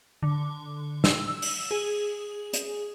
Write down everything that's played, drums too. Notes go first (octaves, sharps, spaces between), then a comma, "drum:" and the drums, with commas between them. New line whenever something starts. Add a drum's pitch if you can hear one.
D3
E6, drum: snare
drum: open hi-hat
G#4
drum: hi-hat